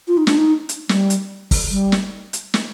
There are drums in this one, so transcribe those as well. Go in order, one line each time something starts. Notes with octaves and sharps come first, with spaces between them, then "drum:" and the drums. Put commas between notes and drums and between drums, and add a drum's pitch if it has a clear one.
F4
D#4
D4, drum: snare
D#4
drum: hi-hat
G3, drum: snare
drum: hi-hat
drum: kick, open hi-hat
G3
drum: snare
drum: hi-hat
drum: snare